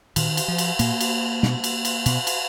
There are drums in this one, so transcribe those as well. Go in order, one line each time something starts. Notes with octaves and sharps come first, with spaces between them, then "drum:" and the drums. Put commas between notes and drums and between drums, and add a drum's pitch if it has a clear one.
A#2 D#3, drum: cymbal
drum: cymbal
F3
drum: cymbal
A#2 A#3, drum: cymbal
drum: cymbal
B2, drum: snare
drum: cymbal
drum: cymbal
B2, drum: cymbal
drum: cymbal